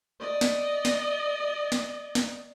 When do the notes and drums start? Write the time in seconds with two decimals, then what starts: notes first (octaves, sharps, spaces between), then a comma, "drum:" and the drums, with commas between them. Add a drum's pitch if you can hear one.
0.20 D5 D#5
0.41 drum: snare
0.85 drum: snare
1.72 drum: snare
2.15 drum: snare